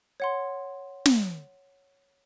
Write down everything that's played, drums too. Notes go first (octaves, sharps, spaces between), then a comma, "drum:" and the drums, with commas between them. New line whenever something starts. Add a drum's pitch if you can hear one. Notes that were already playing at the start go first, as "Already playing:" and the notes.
C#5 F#5 C6
drum: snare